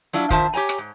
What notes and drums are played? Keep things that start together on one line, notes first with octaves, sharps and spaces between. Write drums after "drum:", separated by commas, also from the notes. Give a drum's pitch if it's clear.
F#3 D4 E4 F4
D#3 F4 C5 E5 A5, drum: kick
G4 C#5 G#5 A#5
drum: rim click
G#2